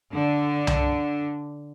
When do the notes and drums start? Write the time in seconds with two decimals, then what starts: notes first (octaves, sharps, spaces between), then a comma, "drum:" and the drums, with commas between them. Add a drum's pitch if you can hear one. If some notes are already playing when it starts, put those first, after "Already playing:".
0.13 D3
0.67 drum: tom C2